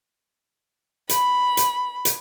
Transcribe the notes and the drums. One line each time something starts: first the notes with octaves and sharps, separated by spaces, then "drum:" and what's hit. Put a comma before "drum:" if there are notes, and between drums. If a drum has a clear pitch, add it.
B5, drum: hi-hat
drum: hi-hat
drum: hi-hat